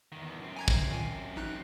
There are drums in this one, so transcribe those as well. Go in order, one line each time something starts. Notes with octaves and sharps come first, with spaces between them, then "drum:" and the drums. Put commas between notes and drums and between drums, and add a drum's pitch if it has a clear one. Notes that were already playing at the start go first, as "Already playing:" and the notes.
E2 D#3
F#2 C4
G#5 A#5 G#6
drum: kick
A#2 D#3 G#5
A1 D#4 F#6